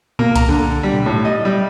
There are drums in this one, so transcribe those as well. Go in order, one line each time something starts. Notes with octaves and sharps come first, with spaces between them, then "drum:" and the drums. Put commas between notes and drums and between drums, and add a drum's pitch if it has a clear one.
A#3, drum: tom A2
A#5, drum: kick C2, hi-hat
D3
G3
drum: tom A#2
A2
D#5
G3